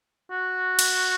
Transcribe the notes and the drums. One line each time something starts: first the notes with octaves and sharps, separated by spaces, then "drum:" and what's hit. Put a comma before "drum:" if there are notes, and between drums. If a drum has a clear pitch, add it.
F#4
drum: cymbal